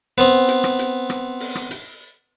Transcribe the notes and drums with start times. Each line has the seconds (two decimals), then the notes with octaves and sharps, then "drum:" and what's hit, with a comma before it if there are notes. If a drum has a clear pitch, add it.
0.18 B3 C4
0.48 drum: hi-hat
0.64 drum: rim click
0.79 drum: hi-hat
1.10 drum: rim click
1.40 drum: open hi-hat
1.55 drum: rim click
1.71 drum: hi-hat